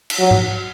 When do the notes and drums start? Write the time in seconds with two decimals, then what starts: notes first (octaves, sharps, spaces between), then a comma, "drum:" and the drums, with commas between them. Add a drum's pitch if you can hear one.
0.10 drum: cymbal
0.20 F#3
0.31 drum: tom G#2